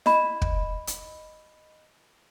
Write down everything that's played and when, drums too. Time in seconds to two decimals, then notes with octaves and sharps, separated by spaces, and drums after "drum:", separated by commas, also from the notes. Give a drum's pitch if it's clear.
0.06 D#5 B5, drum: snare E4
0.42 drum: kick
0.87 drum: hi-hat